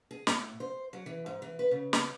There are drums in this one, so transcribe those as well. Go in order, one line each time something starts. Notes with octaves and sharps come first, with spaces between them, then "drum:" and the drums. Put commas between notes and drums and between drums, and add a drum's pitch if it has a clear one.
G#4
A2, drum: snare
C5
F#3
E3
G#2
E3
B4
C#3
drum: snare